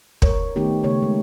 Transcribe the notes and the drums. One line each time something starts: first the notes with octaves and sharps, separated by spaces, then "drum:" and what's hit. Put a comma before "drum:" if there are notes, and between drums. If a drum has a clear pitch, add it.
A#4 C#5, drum: kick
D#3 A3 B3 D#4 G4
C#3 A3 B3 C#5
G#3